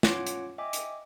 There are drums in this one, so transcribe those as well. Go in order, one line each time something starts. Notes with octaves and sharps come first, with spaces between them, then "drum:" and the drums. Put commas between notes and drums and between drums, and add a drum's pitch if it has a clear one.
C#4 F4 C#5 F#5 D6 D7, drum: snare
drum: hi-hat
D#5 E5 G5 G#5 D6
drum: hi-hat